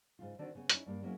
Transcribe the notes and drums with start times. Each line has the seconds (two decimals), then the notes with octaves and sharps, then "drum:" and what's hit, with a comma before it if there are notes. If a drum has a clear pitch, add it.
0.19 G#2 C#3 F4
0.39 D3 D#3 C4 D4 F#4 D5
0.55 C#3 B3
0.70 C#4 D#4 E4, drum: hi-hat
0.86 G2 A#3 G4
1.03 F#3 G#3 A#3 B3 C#4 E4